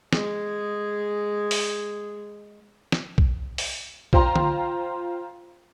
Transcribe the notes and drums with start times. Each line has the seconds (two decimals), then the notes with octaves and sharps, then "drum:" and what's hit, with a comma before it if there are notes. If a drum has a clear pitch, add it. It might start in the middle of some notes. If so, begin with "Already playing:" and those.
0.13 G#3 G#4, drum: snare
1.51 drum: open hi-hat
2.92 drum: snare
3.18 drum: kick B1
3.58 drum: open hi-hat
4.13 F4 C5 G5 A#5 C6, drum: kick B1
4.36 drum: tom D3